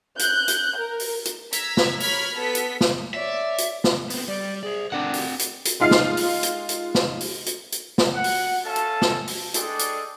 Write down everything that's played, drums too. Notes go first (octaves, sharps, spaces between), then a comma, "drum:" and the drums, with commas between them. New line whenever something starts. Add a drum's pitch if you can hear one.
F#6 G6, drum: hi-hat
drum: hi-hat
A#4
drum: open hi-hat
drum: hi-hat
A#5 E6 G#6 B6, drum: hi-hat
drum: snare
A#4 C#5 B5 F6 G#6 B6, drum: open hi-hat
B3 A4 B6
drum: hi-hat
drum: snare
C#5 D5 E5
drum: hi-hat
drum: snare
B3 C4, drum: open hi-hat
G3 D5
G#4 C5 D5
D3 C4 D4 A#4 D5 F#5
drum: open hi-hat
drum: hi-hat
drum: hi-hat
G#3 D#4 F4 F5 F6 C7
drum: snare
drum: open hi-hat
drum: hi-hat
drum: hi-hat
drum: snare
drum: open hi-hat
drum: hi-hat
drum: hi-hat
drum: snare
F#5
drum: open hi-hat
C#4 A4 E5 F5 A5
drum: hi-hat
drum: snare
drum: open hi-hat
G#3 D4 G#4 A4 D5 G5, drum: hi-hat
drum: hi-hat